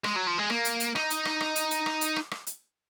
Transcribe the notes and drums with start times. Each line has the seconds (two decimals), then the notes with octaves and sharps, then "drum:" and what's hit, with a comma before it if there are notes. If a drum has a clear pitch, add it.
0.04 G#3, drum: rim click
0.16 F#3
0.27 F3
0.38 G#3
0.50 A#3, drum: rim click
0.65 drum: hi-hat
0.80 drum: hi-hat
0.96 D#4, drum: rim click
1.10 drum: hi-hat
1.25 drum: rim click
1.40 drum: rim click
1.56 drum: hi-hat
1.71 drum: hi-hat
1.86 drum: rim click
2.01 drum: hi-hat
2.16 drum: rim click
2.31 drum: rim click
2.47 drum: hi-hat